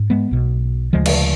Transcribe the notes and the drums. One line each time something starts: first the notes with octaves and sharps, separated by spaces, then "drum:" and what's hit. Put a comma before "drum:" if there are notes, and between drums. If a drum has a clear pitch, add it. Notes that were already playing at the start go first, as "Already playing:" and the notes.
Already playing: G#2
G#3 B3
B1 B2
D2 C#3 F3 G#3
drum: cymbal